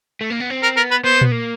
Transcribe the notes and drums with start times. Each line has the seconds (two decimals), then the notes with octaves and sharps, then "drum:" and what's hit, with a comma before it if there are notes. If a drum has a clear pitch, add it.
0.21 A3
0.30 A#3
0.40 B3
0.50 C4
0.63 A#4
0.77 B3 A#4
0.91 B4
1.04 B3 C5
1.21 drum: tom A#2
1.32 A#3